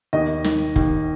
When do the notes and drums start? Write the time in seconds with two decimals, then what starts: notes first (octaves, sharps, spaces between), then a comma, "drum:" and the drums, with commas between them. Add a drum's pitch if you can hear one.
0.13 D#2 D#5
0.44 D#3, drum: snare
0.76 D#2, drum: kick F1